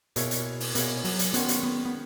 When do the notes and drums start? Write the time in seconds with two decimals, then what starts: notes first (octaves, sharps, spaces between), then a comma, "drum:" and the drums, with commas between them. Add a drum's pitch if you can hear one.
0.16 B2 A#3 E4 G#4 C#5, drum: hi-hat
0.31 drum: hi-hat
0.60 drum: open hi-hat
0.75 B2 A#3 E4 G#4 C#5, drum: hi-hat
1.04 F#3, drum: open hi-hat
1.19 drum: hi-hat
1.34 D#3 G#3 B3 C#4 F#4 C#5, drum: hi-hat
1.48 drum: hi-hat
1.63 B3
1.85 B3